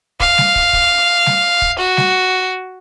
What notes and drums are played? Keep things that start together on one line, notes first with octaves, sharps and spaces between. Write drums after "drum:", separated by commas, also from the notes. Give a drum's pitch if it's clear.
F5, drum: kick
drum: snare G3
drum: kick
drum: kick
drum: snare G3
drum: kick
F#4
drum: snare G3